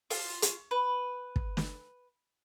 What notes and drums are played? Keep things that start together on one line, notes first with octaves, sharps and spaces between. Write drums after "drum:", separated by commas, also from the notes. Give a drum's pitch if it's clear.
F4, drum: open hi-hat
drum: hi-hat
B4
drum: kick
drum: snare